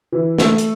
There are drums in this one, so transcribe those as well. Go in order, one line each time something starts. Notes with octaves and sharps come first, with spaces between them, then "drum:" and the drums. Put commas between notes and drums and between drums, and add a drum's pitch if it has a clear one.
E3
A3, drum: snare
drum: hi-hat